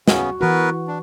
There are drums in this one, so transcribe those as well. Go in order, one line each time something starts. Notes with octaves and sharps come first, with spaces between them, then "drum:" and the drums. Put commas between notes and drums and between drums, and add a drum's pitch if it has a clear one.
C#3 B3 C#4 F#4, drum: snare
E3 B3 F#4 A#4 B4
D4